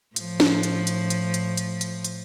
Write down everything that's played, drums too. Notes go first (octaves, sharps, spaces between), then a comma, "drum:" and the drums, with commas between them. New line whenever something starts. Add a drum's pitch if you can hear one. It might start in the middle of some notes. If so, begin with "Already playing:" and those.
A2 F3, drum: hi-hat
drum: snare C#4
drum: hi-hat
drum: hi-hat
drum: hi-hat
drum: hi-hat
drum: hi-hat
drum: hi-hat
drum: hi-hat